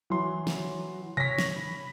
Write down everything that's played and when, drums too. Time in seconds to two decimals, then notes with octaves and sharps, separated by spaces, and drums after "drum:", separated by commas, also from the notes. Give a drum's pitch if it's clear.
0.10 E3 F#3 C6
0.47 drum: snare
1.17 C#5 A#6 B6, drum: tom B2
1.38 drum: snare
1.56 B5